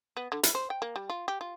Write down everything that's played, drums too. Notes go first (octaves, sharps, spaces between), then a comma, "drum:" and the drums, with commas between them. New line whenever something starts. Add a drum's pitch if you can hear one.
B3
D3
E4, drum: hi-hat
C5
G5
A#3
G3
F4
G4
F4